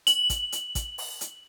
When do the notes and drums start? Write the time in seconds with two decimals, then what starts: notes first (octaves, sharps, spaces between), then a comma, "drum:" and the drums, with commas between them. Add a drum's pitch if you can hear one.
0.07 F#7, drum: hi-hat
0.30 drum: kick, hi-hat
0.52 drum: hi-hat
0.75 drum: kick, hi-hat
0.98 drum: open hi-hat
1.21 drum: hi-hat